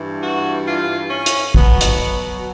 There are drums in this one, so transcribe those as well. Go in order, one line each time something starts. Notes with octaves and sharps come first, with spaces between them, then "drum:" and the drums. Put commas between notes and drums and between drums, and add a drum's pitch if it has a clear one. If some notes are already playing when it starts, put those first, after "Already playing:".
Already playing: G2 E3
F#4
F4
C#4
drum: hi-hat
B2 F#3 B3, drum: kick
drum: hi-hat